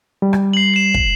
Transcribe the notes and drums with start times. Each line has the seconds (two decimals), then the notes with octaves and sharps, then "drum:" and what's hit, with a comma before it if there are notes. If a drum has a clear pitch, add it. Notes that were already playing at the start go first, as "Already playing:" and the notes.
0.22 G3
0.33 drum: rim click
0.53 C7 F#7
0.74 C7 E7
0.94 drum: kick